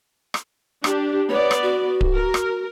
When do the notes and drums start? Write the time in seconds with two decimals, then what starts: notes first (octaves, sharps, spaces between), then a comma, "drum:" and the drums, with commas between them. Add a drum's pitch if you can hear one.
0.34 drum: rim click
0.84 D4 G4, drum: rim click
1.30 B3 C#5 D5
1.51 drum: rim click
1.62 F#4
2.01 drum: kick D1
2.14 A#4
2.34 drum: rim click